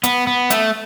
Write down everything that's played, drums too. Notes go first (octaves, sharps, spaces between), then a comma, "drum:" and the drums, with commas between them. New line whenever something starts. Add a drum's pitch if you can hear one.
B3, drum: hi-hat
B3
A3, drum: hi-hat